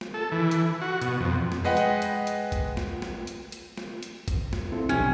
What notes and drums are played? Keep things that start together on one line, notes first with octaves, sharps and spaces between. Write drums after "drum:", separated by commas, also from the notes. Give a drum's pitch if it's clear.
drum: snare
A4
E3
drum: hi-hat
F#4
B2, drum: hi-hat
F2
drum: snare
G#3 B4 D#5 F#5 G5
drum: hi-hat
drum: hi-hat
drum: hi-hat
drum: kick, hi-hat
drum: snare
drum: snare
drum: hi-hat
drum: hi-hat
drum: snare
drum: hi-hat
drum: kick, hi-hat
drum: snare
C4 E4 A4
B1 F2 C#4 D4 G4